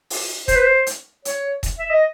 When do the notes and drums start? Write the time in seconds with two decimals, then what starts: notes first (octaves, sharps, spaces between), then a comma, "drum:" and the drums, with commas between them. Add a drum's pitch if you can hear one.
0.10 drum: open hi-hat
0.48 C5, drum: kick D#1, hi-hat
0.56 B4
0.62 C5
0.87 drum: hi-hat
1.25 C#5, drum: hi-hat
1.63 drum: kick D#1, hi-hat
1.79 E5
1.90 D#5